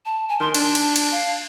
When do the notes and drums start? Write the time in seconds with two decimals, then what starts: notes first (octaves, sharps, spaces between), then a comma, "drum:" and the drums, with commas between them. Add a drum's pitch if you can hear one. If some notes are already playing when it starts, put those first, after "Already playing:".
0.06 A5
0.29 G#5
0.40 D#3 C6
0.54 D4 A5, drum: cymbal
0.75 drum: cymbal
0.96 drum: cymbal
1.12 F5